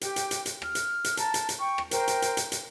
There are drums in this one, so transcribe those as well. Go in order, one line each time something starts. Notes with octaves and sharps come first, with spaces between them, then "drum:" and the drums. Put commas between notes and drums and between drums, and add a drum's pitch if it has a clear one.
G4 G5, drum: hi-hat
drum: hi-hat
drum: hi-hat
drum: hi-hat
F6, drum: rim click
drum: hi-hat
drum: hi-hat
A5 A#5, drum: hi-hat
drum: hi-hat
drum: hi-hat
G5 C#6
drum: rim click
A#4 C5 G5 A#5, drum: hi-hat
drum: hi-hat
drum: hi-hat
drum: hi-hat
drum: hi-hat